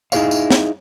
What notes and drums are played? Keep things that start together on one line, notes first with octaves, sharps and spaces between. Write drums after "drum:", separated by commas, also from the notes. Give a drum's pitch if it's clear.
D#4 E4 G#4 B4 C#5 F5, drum: tambourine
drum: tambourine
drum: snare